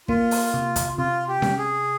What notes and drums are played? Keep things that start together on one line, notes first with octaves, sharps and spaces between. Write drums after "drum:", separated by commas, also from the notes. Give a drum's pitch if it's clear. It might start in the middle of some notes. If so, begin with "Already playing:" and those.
A#3 F4, drum: kick
drum: open hi-hat
C3
drum: kick, hi-hat
C3 F4
G4
C3, drum: snare C#4
G#4